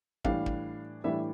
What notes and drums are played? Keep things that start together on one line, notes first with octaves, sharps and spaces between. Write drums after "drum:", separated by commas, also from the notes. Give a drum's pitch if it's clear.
A2 E3 G3 D4 F5, drum: kick
drum: kick
A2 E3 G3 D4 E5